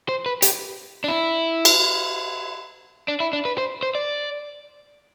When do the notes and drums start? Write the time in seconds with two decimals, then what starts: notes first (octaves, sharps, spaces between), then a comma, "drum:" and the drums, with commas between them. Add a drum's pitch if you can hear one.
0.09 C5
0.26 B4
0.42 G4, drum: hi-hat
1.04 D4
1.08 E4
1.65 drum: cymbal
3.08 D4
3.20 E4
3.33 D4
3.45 B4
3.58 C5
3.83 C5
3.95 D5